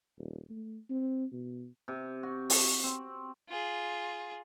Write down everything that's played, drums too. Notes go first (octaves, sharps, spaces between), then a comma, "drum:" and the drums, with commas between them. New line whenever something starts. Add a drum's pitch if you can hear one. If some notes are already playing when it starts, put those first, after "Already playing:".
D#1
A3
C4
B2
C3
F#4
C#6, drum: open hi-hat
C4
F4 G#4